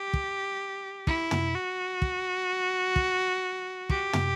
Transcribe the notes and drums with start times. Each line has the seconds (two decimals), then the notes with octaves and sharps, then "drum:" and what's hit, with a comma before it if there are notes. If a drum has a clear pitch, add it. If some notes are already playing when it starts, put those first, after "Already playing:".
Already playing: G4
0.14 drum: kick
1.07 E4, drum: kick
1.31 drum: tom
1.55 F#4
2.02 drum: kick
2.96 drum: kick
3.90 G4, drum: kick
4.13 drum: tom